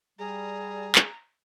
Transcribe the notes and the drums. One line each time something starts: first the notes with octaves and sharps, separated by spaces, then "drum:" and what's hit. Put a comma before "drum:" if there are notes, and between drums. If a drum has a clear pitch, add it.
G3 G#4 A#5
drum: clap